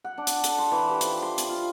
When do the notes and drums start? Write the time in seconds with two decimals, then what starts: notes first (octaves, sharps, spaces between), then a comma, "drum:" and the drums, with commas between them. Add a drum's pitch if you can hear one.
0.04 F#5
0.18 D4
0.27 drum: hi-hat
0.44 A4, drum: hi-hat
0.58 C6
0.72 E3
0.89 G4
1.01 F3, drum: hi-hat
1.23 C6
1.38 drum: hi-hat
1.49 F4